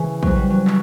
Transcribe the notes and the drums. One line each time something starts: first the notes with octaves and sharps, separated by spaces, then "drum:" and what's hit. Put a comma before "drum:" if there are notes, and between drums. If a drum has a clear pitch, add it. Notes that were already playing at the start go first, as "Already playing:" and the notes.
Already playing: C#3 E3
F#3, drum: kick
G3
F#3
drum: clap